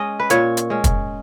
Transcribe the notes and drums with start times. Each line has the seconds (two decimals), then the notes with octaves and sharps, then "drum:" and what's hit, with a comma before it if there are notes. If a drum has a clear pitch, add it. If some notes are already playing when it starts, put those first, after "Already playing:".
Already playing: G#3 C#4 D#5
0.20 B4
0.30 A#2 C#5, drum: hi-hat
0.57 drum: hi-hat
0.70 G#3 C#4
0.84 drum: kick, hi-hat